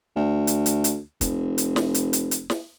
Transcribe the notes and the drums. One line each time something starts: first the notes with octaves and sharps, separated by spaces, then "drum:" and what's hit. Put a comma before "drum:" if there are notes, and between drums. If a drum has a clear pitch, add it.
D2
drum: hi-hat
drum: hi-hat
drum: hi-hat
F1, drum: kick, hi-hat
drum: hi-hat
drum: snare
drum: hi-hat
drum: hi-hat
drum: hi-hat
drum: snare